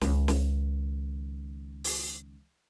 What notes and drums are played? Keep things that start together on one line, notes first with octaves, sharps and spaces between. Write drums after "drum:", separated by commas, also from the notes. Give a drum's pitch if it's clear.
C#2 D#3, drum: snare
drum: snare
drum: open hi-hat